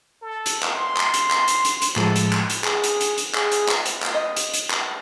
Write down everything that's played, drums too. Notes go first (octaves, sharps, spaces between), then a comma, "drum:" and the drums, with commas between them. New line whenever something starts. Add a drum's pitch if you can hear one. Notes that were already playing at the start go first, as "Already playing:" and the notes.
A4
drum: hi-hat
drum: clap
C6
drum: clap
drum: hi-hat
drum: clap
drum: hi-hat
drum: hi-hat
drum: hi-hat
A2 F3 G#3 A4, drum: clap
drum: hi-hat
drum: clap
drum: hi-hat
G#4, drum: clap
drum: hi-hat
drum: hi-hat
drum: hi-hat
G#4, drum: clap
drum: hi-hat
drum: clap
drum: hi-hat
drum: clap
D#5
drum: hi-hat
drum: hi-hat
drum: clap